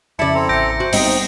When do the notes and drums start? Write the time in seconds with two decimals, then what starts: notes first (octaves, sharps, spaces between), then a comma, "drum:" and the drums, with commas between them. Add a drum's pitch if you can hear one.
0.19 F2 C#3 E4 D5 A5 B5 C#7
0.34 C4 A4 A#5
0.49 A1 G5 G#5 G6 A#6 D7
0.80 F#4 C5
0.93 G3 B3 C4 D#4 D#5, drum: open hi-hat